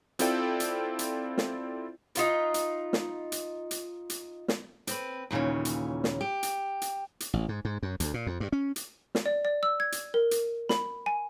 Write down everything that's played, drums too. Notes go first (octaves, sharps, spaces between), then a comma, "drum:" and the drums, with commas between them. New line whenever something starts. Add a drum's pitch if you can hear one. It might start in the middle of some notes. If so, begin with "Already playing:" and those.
C4 E4 F4 A4 D5 G5, drum: hi-hat
drum: hi-hat
drum: hi-hat
drum: snare
D#4 F4 B4, drum: hi-hat
drum: hi-hat
drum: snare
drum: hi-hat
drum: hi-hat
drum: hi-hat
drum: snare
C4 B4, drum: hi-hat
D#2 A#2 C#3 E3 C#4
drum: hi-hat
drum: snare
G4
drum: hi-hat
drum: hi-hat
drum: hi-hat
A1
G#2
G#2
F#2
D2, drum: hi-hat
A#2
F2
G2
C#4
drum: hi-hat
drum: snare
D5
D5
E6
G#6
drum: hi-hat
A#4
drum: hi-hat
B5, drum: snare
G#5